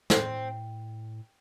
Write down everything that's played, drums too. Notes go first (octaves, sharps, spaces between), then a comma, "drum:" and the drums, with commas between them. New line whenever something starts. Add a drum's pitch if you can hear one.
A2 C4, drum: snare